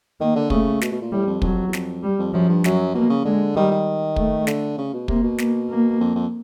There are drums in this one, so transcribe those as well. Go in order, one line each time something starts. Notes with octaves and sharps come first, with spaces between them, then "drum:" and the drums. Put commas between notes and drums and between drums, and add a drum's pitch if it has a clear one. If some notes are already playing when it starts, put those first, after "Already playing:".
D#3 A#3
D3
C#3 A3, drum: kick
B2, drum: snare
B2
A#2
A2 G3
F2
F2 F#3, drum: kick
E2
F2, drum: snare
G3
F2
F#2 F3
G2
F#2 F#3, drum: snare
B2 A#3
C#3
D3 G#3
D#3 G3
D#3
A3, drum: kick
D3, drum: snare
C#3
B2
C3 A#3, drum: kick
B2
A#3, drum: snare
A#3
F2
F2